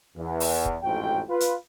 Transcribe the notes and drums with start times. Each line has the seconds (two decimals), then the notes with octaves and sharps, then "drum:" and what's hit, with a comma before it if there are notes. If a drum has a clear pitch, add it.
0.17 E2
0.40 drum: open hi-hat
0.65 drum: kick
0.84 A1 F2 G#2 F#4 G5
1.30 F4 B4
1.40 drum: hi-hat